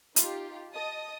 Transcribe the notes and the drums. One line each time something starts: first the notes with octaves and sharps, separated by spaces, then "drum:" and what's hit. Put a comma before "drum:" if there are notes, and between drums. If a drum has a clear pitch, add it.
D#4 F4 G4, drum: hi-hat
D#5 A5 D#6